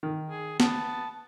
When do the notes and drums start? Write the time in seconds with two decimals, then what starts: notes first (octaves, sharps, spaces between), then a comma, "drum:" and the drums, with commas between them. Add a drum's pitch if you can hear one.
0.03 D#3
0.30 G#4
0.60 B3 A5, drum: snare